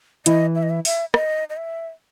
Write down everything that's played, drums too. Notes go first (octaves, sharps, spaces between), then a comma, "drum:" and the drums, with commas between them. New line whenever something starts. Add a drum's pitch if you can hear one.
E3 E4 D#5, drum: hi-hat
E5
D#5
E5
E5, drum: open hi-hat
D#5, drum: rim click
D#5
E5